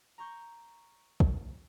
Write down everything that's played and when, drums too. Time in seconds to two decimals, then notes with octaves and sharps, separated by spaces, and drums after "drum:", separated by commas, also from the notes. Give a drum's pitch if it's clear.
0.18 A#5 C6 C#6 G6
1.20 drum: kick